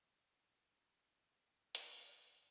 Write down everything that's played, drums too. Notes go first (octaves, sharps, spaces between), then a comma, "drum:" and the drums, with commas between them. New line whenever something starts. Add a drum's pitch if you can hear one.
D4
A#3 A4 G5
drum: hi-hat